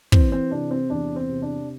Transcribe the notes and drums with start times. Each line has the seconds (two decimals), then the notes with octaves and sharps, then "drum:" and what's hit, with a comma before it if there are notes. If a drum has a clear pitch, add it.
0.12 E3 C4, drum: kick
0.32 C4
0.51 C3 D4
0.71 C4
0.90 E2 D4
1.16 C4
1.29 C3
1.42 D4